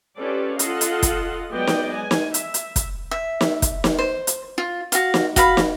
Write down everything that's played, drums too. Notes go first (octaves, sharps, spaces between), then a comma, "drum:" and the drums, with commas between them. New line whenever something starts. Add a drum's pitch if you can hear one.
C#4 F4 G4 A4 B4 D5
F4 A4 D#5 F5 F#5, drum: hi-hat
drum: hi-hat
drum: kick, hi-hat
F#3 G#3 B3 D5 D#5 G5
drum: snare
G#5
drum: snare
E5, drum: hi-hat
drum: hi-hat
drum: kick, hi-hat
E5
drum: snare
drum: kick, hi-hat
drum: snare
C5
drum: hi-hat
F4
F#4 F5, drum: hi-hat
drum: snare
F#4 F5 B5, drum: kick, hi-hat
drum: snare